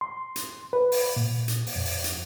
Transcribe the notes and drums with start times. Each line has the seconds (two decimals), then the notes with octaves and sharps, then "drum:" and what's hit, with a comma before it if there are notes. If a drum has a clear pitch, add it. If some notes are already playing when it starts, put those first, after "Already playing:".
0.01 C6
0.36 drum: hi-hat
0.73 B4
0.92 drum: open hi-hat
1.16 A#2
1.48 drum: hi-hat
1.67 drum: open hi-hat
1.76 F2
1.85 drum: open hi-hat
2.04 drum: hi-hat